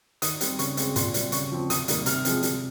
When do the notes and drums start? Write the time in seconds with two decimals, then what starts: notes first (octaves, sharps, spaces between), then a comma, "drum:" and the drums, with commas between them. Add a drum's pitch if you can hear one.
0.22 D#3 D#6, drum: hi-hat
0.41 G3 C4, drum: hi-hat
0.59 C#3 C#6, drum: hi-hat
0.77 G#3 C4, drum: hi-hat
0.96 A#2 C6, drum: hi-hat
1.14 G3 C4, drum: hi-hat
1.32 C#3 C#6, drum: hi-hat
1.52 F3 C4
1.70 C3 D#6, drum: hi-hat
1.88 D#3 G3 A#3, drum: hi-hat
2.06 C3 F6, drum: hi-hat
2.25 F3 G#3 C4, drum: hi-hat
2.43 C3, drum: hi-hat